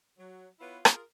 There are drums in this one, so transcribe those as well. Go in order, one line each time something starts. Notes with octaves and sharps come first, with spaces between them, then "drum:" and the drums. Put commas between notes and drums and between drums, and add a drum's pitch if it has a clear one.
F#3
B3 E4 F4 B4 C#5
F4 G#4 A#4, drum: rim click